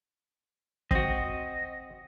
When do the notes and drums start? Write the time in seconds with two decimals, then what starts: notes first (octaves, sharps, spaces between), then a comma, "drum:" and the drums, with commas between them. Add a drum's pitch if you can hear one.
0.91 C4 F#4 D#5, drum: kick G1